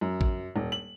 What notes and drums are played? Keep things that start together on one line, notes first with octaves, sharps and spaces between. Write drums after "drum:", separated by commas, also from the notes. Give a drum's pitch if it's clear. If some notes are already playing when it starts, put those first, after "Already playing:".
F#2
drum: kick A1
D#1
F#7